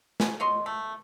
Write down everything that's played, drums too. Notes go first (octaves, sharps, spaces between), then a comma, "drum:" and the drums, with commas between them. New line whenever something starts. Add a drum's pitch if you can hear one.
C#4, drum: snare
C#5 D#5 C6
A3